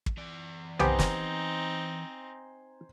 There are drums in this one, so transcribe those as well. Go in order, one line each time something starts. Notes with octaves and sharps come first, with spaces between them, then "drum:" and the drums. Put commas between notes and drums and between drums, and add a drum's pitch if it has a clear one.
drum: kick
E3 D5
B3 C4 D#4 G4 C5 G#5 A#5, drum: tom B1
drum: snare